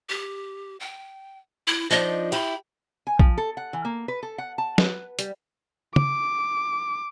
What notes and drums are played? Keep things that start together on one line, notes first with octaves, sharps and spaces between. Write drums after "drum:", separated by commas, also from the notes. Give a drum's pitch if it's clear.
G4
G5
E4
F3 D4 D#4 D#5
E4 G4 B5
G#5
F3, drum: kick A#1
A4
F#5
E3
A#3
B4
A4
F#5
A5
B4, drum: snare
G3, drum: hi-hat
D6, drum: tom